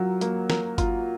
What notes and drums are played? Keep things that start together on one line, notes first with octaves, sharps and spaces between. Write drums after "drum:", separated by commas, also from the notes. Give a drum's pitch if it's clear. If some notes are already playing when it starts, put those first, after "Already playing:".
Already playing: F#3 F4 A#4
A#3, drum: hi-hat
A#4, drum: snare
F4, drum: kick G1, hi-hat